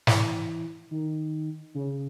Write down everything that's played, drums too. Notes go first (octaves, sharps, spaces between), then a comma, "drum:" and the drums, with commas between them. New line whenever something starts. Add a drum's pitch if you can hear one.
E3, drum: snare
D#3
C#3